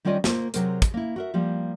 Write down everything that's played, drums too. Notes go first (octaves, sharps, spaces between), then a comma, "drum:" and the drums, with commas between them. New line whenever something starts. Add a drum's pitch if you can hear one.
D#3 G3 C#4 F4 D5 D#5
A#3 F4 C5, drum: snare
C3 F#3 G#4 A#4 C5, drum: hi-hat
drum: kick, hi-hat
A#3 E4
F#4 A#4 E5
F3 G3 A#3 G4